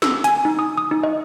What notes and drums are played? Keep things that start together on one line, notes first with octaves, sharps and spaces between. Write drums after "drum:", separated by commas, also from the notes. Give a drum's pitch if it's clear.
E6, drum: snare
G#5, drum: hi-hat
D#4
D#6
D#6
D#4
D#5